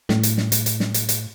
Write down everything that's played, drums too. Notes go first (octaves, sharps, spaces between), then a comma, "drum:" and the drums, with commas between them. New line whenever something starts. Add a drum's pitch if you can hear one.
A2, drum: snare
drum: hi-hat
drum: snare
drum: hi-hat
drum: hi-hat
drum: snare
drum: hi-hat
drum: hi-hat